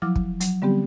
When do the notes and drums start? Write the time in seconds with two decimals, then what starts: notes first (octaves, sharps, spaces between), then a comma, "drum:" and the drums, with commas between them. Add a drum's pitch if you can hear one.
0.02 F3 F#3 E4 D6 F6
0.15 drum: kick
0.40 F#3, drum: hi-hat
0.62 D3 G3 B3 C4 G4